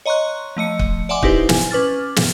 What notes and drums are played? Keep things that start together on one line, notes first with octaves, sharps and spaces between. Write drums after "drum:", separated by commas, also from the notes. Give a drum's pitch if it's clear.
C#5 D#5 A#5 C6 C#6 F#6
F3 A3 D#5 C#7
drum: kick
D5 E5 F#5 G#5 C6 D6
C4 D#4 E4 G4 B4 C5, drum: kick
G#5, drum: snare
C#4 B4 D6 F6 A6
drum: snare